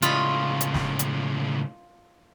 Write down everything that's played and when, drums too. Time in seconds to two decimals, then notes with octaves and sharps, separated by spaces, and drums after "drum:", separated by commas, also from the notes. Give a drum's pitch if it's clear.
0.02 C#2 A2 F4 D#5 B5, drum: hi-hat
0.61 drum: hi-hat
0.74 drum: snare
0.99 drum: hi-hat